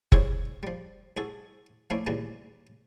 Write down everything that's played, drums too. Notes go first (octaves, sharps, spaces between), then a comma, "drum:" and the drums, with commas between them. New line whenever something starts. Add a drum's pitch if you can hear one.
F3 G3 E4 G#4 C5 C#5, drum: kick F#1
F3 G3
C2 F#4 G#4 A4
F3 A3 A#3 C#4 D4 E4
D#2 A#2 C#3 E3 G3 A#3